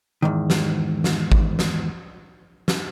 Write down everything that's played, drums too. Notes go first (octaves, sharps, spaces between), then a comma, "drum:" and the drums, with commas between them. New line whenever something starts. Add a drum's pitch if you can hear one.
E2 G#2 D#3
drum: snare
drum: snare
drum: kick G#1
drum: snare
drum: snare